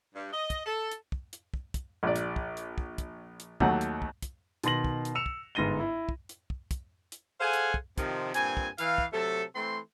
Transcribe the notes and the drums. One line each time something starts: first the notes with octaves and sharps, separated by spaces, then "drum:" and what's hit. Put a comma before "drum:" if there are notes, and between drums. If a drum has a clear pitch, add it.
G2
D#5
drum: kick, hi-hat
A4
drum: hi-hat
drum: kick
drum: hi-hat
drum: kick
drum: kick, hi-hat
A#1 D5
drum: hi-hat
drum: kick
drum: hi-hat
drum: kick
drum: kick, hi-hat
drum: hi-hat
D#2 F#3 A3 F#5, drum: kick
drum: hi-hat
drum: kick
drum: kick, hi-hat
B2 D#3 C6 A#6 F#7, drum: hi-hat
drum: kick
drum: hi-hat
E6 C#7 E7 F7
drum: kick
G1 G#2 A#6 D#7 G7
E4
drum: kick
drum: hi-hat
drum: kick
drum: kick, hi-hat
drum: hi-hat
G#4 A4 C5 F5 F#5 G#5
drum: hi-hat
drum: kick
C3 D#3 F3, drum: kick, hi-hat
G2 A#2 C4 G#5, drum: hi-hat
drum: kick
E3 F5, drum: hi-hat
drum: kick
C3 F#3 A3 A4
E3 A3 C4 C6